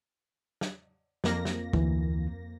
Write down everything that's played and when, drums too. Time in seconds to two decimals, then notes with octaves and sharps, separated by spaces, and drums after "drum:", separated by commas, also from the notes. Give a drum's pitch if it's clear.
0.61 drum: snare
1.24 F2 A#3 A#6, drum: snare
1.45 drum: snare
1.73 D2 E3, drum: kick